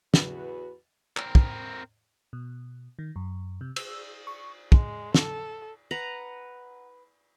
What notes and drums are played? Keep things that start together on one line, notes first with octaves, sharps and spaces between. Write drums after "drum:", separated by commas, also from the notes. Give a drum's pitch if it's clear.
E2 F#4 B4, drum: snare
C4 A#4, drum: clap
drum: kick
B2
D#3
F#2
C3
E6, drum: cymbal
C#6
G#3, drum: kick
A4, drum: snare
B4 F#5 A#5